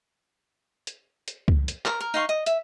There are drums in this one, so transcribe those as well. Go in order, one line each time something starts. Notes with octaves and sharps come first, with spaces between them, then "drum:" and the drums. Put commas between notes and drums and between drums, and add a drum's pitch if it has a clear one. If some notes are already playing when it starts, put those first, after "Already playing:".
drum: hi-hat
drum: hi-hat
drum: kick C#2
drum: hi-hat
A#4, drum: clap
A#4
D#4 F5 C6 C#6
D#5
E5, drum: hi-hat